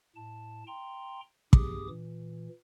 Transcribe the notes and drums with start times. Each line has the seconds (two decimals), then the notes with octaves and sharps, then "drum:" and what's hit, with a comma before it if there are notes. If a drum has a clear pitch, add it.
0.16 A2 A5
0.67 G5 A#5 C6
1.53 G2 G4 G#4 D6 D#6, drum: kick
1.89 A#2 E3